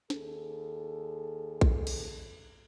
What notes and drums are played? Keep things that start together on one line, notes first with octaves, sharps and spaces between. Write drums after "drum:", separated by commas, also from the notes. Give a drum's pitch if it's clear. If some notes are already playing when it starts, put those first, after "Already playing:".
D#2 G#4 A4, drum: snare
drum: kick A#1
drum: cymbal